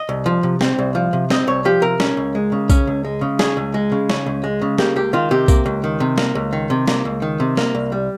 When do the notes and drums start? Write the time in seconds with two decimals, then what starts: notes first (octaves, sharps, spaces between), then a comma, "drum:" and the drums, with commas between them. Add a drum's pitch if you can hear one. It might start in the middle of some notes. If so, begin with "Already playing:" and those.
Already playing: D#5
0.09 C2
0.26 F3
0.43 C3
0.61 C4, drum: snare
0.79 C2
0.95 F3
1.13 C3
1.30 C4 D#5, drum: snare
1.47 C2 C#5
1.65 F3 G4
1.82 C3 A#4
2.00 C#4, drum: snare
2.17 C#2
2.35 G#3
2.52 C#3
2.70 C#4, drum: kick B1, tambourine
2.87 C#2
3.05 G#3
3.21 C#3
3.39 C#4 G#4, drum: snare
3.57 C#2
3.74 G#3
3.92 C#3
4.09 C#4, drum: snare
4.26 C#2
4.44 G#3
4.62 C#3
4.78 A#3 G4, drum: snare
4.96 C#2 G4
5.13 D#3 F4
5.31 C3 G4
5.48 A#3, drum: kick B1, tambourine
5.66 C#2
5.84 D#3
6.00 C3
6.18 A#3, drum: snare
6.35 C#2
6.53 D#3
6.70 C3
6.87 A#3, drum: snare
7.05 C#2
7.22 D#3
7.40 C3
7.57 A#3, drum: snare
7.75 C2
7.92 G3